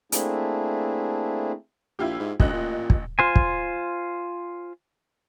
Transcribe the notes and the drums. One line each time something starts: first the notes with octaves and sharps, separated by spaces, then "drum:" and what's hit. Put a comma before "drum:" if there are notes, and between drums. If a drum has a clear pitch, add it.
A3 A#3 C4 D4 E4 G#4, drum: hi-hat
A#1 E4 F4 G4
G#2
A1 D2 D#5 F#6, drum: kick
A#2
drum: kick
F4 C5 G#5
drum: kick